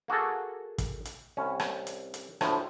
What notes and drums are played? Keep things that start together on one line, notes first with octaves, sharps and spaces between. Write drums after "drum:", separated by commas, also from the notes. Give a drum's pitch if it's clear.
A#3 F#4 G#4 A4
drum: kick, hi-hat
drum: hi-hat
C2 C#4
drum: rim click
drum: hi-hat
drum: hi-hat
D2 A2 F3, drum: rim click